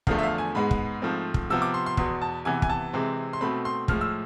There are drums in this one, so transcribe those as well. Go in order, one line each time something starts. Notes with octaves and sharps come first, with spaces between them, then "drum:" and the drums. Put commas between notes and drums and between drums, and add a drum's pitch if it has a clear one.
E2 D3 F3 A3 F5, drum: kick
E5
F5
G#5
G#2 G#3 B3 B5
drum: kick
G#2 F3 A3 C4
drum: kick
C3 F3 B3 E6
D6
C6
C6
E2 B2 B3 C6, drum: kick
A5
C3 E3 B3 G#5
G#5, drum: kick
A5
C3 E3 G#3 C4
C6
B2 A3 C4 B5
C6
A2 F3 G#3 F6, drum: kick
E6